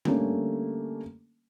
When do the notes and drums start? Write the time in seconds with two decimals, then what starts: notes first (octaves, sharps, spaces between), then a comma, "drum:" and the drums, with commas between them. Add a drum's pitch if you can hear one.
0.05 D3 G3 A3 A#3 C#4, drum: tom D3